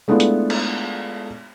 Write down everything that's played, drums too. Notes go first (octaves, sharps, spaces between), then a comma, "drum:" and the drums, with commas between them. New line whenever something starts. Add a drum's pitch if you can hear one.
G#3 A3 B3 D4 E4 F4
drum: hi-hat
drum: cymbal